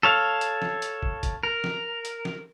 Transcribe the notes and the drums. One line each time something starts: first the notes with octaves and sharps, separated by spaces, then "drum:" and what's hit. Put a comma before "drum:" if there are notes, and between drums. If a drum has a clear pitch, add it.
A4 C#5 F5
drum: hi-hat
drum: snare
drum: hi-hat
drum: kick
drum: kick, hi-hat
A#4
drum: snare
drum: hi-hat
drum: snare